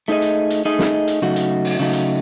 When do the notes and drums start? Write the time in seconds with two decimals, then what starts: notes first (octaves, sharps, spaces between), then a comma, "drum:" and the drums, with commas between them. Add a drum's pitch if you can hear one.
0.08 A3 D#4 G#4 D#5
0.22 drum: hi-hat
0.50 drum: hi-hat
0.65 A3 D#4 G#4 D#5
0.79 drum: snare
1.08 drum: hi-hat
1.22 C#3 F#3 A3 D#4 F#4
1.36 drum: hi-hat
1.65 drum: open hi-hat
1.79 C#3 F#3 A3 D#4 F#4
1.93 drum: hi-hat